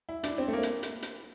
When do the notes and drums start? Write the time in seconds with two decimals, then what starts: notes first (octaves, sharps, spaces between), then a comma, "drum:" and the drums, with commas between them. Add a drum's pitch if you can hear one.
0.09 E4
0.23 D4, drum: hi-hat
0.38 C4
0.48 A3
0.53 A#3
0.63 drum: hi-hat
0.83 drum: hi-hat
1.02 drum: hi-hat